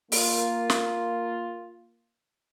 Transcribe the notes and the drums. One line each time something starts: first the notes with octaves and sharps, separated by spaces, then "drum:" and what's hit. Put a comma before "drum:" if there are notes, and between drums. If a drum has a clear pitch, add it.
A#3 F4, drum: open hi-hat
drum: snare